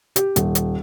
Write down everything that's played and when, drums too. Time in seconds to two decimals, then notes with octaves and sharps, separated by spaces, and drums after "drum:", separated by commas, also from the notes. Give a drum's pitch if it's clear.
0.16 G4, drum: hi-hat
0.36 D#1, drum: hi-hat
0.55 drum: hi-hat